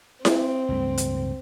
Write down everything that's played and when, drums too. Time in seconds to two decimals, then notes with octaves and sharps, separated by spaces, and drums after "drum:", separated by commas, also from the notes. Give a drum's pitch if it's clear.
0.25 C4, drum: snare E4
0.69 C#2 G2 A3
0.98 drum: hi-hat